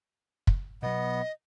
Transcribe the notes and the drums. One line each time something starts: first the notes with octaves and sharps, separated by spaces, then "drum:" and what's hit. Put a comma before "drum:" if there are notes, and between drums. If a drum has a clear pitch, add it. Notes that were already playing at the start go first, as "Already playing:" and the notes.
drum: kick
B2 F#3 B3 D#5